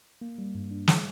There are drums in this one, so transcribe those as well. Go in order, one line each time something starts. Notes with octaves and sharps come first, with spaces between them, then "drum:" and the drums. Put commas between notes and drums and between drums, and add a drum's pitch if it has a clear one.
A#3
G3
G2
D4
G3, drum: snare